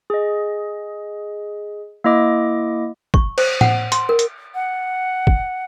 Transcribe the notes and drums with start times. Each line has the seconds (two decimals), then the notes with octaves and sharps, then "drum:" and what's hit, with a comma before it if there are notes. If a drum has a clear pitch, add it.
0.10 G#4 D#5
2.04 A#3 E4 D#5 D6
3.14 C#6, drum: kick
3.38 C5, drum: cymbal
3.61 F#5, drum: tom A2
3.92 C6, drum: hi-hat
4.09 A#4
4.19 drum: hi-hat
4.55 F#5
5.27 drum: kick